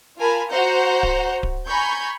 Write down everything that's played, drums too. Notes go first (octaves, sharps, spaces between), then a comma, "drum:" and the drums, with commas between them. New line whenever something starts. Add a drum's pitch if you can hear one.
F4 A#4 G#5 A5 B5
F#4 C5 F#5 A#5 G6
drum: kick D1
drum: kick D1
G#5 A#5 B5 C#6 G6 G#6